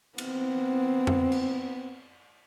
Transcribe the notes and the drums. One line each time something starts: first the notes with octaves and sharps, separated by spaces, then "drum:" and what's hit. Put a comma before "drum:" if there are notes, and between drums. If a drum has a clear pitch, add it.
B3 C4, drum: cymbal
drum: tom F2
drum: cymbal